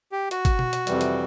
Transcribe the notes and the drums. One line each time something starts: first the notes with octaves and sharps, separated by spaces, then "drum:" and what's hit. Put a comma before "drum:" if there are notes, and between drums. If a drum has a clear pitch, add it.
G4
F#4, drum: hi-hat
drum: kick G1, hi-hat
drum: tom B2
drum: hi-hat
F2 C3 E3 G3, drum: hi-hat
drum: hi-hat